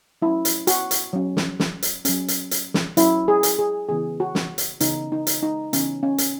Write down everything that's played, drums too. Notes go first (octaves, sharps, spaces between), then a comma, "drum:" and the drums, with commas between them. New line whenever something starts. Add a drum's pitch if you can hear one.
F#3 C#4 E4
drum: hi-hat
F#4, drum: hi-hat
drum: hi-hat
F#3 C#4
drum: snare
drum: snare
drum: hi-hat
F#3 C#4, drum: hi-hat
drum: hi-hat
drum: hi-hat
drum: snare
F#3 C#4 E4, drum: hi-hat
G#4
drum: hi-hat
G#4
C#3 E3 B3 G#4
F#4
drum: snare
drum: hi-hat
C#3 E3 B3 D#4, drum: hi-hat
D#4
drum: hi-hat
D#4
C#3 E3 B3 C#4, drum: hi-hat
C#4
drum: hi-hat